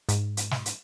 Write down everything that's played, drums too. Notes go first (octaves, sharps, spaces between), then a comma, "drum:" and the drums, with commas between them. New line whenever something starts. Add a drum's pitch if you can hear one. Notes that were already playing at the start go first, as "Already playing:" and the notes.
G#2, drum: hi-hat
drum: hi-hat
drum: snare
drum: hi-hat